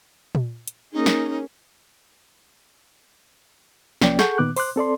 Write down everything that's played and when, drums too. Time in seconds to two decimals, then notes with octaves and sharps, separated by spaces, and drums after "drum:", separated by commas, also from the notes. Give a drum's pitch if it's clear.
0.35 drum: tom A#2
0.68 drum: hi-hat
0.93 A#3 C#4 D#4 G#4
1.06 drum: snare
4.02 C2 F3 A#3 C#4 D5 G5, drum: snare
4.19 G#4 A4 F#5 C#6 G6, drum: snare
4.38 A#2 D#3 B3 D6 F#6
4.56 C5 C6 D6 F#6, drum: open hi-hat
4.76 C4 A4 D5 C6